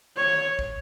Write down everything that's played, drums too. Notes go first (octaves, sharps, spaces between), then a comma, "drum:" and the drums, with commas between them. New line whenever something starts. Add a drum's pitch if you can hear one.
C#5
drum: kick